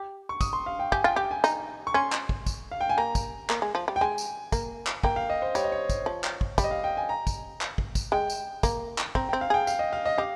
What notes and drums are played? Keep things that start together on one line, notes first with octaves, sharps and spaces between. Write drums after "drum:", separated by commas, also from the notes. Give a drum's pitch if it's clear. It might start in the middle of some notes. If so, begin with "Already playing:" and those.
Already playing: G4
C#6
D#6, drum: kick, tambourine
C6
F5
G5
G4 G#5, drum: kick
F4 G5
G4 G5
G#5
D#4, drum: tambourine
C#6
C#4 C6
drum: clap
drum: kick
drum: kick, tambourine
F5
G5
G#5
A#3 A#5
drum: kick, tambourine
A#3, drum: clap
G#3
F3
G3
G5
G#3 G#5
drum: tambourine
A#3, drum: kick, tambourine
drum: clap
A#3 G5, drum: kick
F5
D#5
C5
G3 C#5, drum: tambourine
D#5
C#5
drum: kick, tambourine
F3
drum: clap
drum: kick
G3, drum: kick, tambourine
D#5
F5
G5
G#5
A#5
drum: kick, tambourine
drum: clap
drum: kick
drum: kick, tambourine
G#3 G5
drum: tambourine
A#3, drum: kick, tambourine
drum: clap
C4 A#5, drum: kick
C4 G5
F5
G#4 G5
F5, drum: tambourine
D#5
F5
D#5
G4 F5